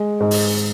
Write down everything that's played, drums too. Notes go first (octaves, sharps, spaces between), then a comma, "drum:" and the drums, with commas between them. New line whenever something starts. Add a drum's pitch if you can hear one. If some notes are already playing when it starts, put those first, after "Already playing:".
Already playing: G#3
G#2
drum: open hi-hat